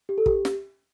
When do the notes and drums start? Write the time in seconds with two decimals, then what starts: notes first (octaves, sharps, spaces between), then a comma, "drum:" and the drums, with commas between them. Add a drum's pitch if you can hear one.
0.09 G4
0.18 A4
0.26 G4, drum: kick
0.45 drum: snare